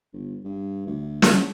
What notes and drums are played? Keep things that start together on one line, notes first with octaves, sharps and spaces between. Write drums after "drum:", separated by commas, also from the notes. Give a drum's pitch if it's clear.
G1
G2
D2
drum: snare